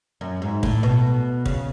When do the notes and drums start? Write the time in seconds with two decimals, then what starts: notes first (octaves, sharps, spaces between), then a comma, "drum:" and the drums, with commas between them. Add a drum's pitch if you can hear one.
0.21 F#2
0.42 G#2
0.63 A2, drum: kick
0.83 B2
1.46 C#3, drum: kick